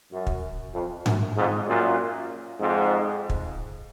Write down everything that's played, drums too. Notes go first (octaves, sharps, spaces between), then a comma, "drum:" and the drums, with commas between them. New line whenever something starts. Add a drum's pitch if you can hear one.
F#2
drum: kick
F2
F#2, drum: tom G#2
F2 G#2
F#2 A#2
F2 G#2
drum: kick